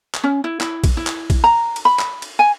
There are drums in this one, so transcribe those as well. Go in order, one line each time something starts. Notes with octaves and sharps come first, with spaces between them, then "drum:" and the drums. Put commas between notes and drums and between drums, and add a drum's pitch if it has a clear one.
drum: clap
C#4
E4
E4, drum: clap
drum: kick A#1, cymbal
E4
drum: clap
drum: kick A#1, cymbal
A#5
drum: cymbal
B5
drum: clap
drum: cymbal
G#5